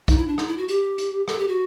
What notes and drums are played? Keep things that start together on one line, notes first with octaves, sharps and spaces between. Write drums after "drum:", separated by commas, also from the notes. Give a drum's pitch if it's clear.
D#4, drum: kick B1, hi-hat
E4
D4
D#4, drum: rim click
E4
F#4
G4, drum: hi-hat
drum: hi-hat
A4, drum: rim click
G4
F#4